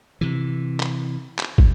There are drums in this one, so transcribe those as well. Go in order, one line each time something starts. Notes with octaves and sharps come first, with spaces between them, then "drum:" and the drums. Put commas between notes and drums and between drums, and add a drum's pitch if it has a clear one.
C3 E3
drum: clap
drum: clap
drum: kick